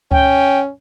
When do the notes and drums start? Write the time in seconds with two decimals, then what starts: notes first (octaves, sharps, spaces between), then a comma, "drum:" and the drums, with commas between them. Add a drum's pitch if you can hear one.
0.12 C#4 G5, drum: kick C#2